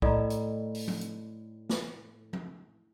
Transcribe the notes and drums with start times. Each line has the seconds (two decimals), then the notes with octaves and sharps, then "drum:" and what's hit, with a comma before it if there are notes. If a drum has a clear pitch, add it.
0.02 A2 D5 D#5 A#5, drum: kick
0.30 drum: hi-hat
0.75 drum: open hi-hat
0.88 drum: tom F3
1.01 drum: hi-hat
1.69 drum: snare
2.33 drum: tom F3